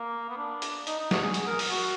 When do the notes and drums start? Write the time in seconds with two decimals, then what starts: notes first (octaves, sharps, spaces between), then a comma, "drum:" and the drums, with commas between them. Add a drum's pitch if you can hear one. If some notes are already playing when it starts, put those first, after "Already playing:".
Already playing: A#3
0.30 B3
0.38 D4
0.62 drum: hi-hat
0.87 D#4, drum: hi-hat
0.99 D#4
1.11 F#4, drum: snare
1.23 G#4
1.34 G#4, drum: hi-hat
1.47 A#4
1.59 drum: open hi-hat
1.71 F#4